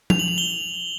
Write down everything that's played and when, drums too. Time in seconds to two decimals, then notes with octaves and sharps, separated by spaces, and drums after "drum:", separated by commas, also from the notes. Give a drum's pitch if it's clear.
0.10 F7, drum: tom F3
0.19 F#7
0.28 F7
0.38 G7